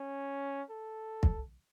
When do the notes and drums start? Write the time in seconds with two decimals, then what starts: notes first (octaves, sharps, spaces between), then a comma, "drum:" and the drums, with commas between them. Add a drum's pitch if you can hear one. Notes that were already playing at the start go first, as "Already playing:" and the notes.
Already playing: C#4
0.70 A4
1.23 drum: kick